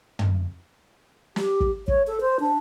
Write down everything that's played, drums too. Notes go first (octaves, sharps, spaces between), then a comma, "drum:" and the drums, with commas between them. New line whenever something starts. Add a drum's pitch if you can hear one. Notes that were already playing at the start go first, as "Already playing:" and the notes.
drum: tom
G4, drum: snare
drum: kick
C#5, drum: kick
A4
C5
D4